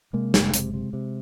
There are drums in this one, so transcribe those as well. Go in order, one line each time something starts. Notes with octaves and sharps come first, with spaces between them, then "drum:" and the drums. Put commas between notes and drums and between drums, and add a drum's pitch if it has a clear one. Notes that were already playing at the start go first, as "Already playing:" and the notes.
C3 G#3 A#3
F#1, drum: snare
C3, drum: hi-hat
C3
C3